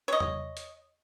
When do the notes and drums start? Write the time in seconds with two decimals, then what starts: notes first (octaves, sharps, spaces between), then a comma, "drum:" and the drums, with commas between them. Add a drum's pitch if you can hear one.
0.08 C#5 D#5
0.20 drum: tom E2
0.57 drum: hi-hat